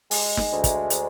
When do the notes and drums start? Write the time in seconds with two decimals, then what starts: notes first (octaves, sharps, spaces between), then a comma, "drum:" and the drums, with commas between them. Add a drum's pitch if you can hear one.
0.11 G#3, drum: open hi-hat
0.37 drum: snare
0.51 D2
0.64 drum: kick, hi-hat
0.90 G#3, drum: hi-hat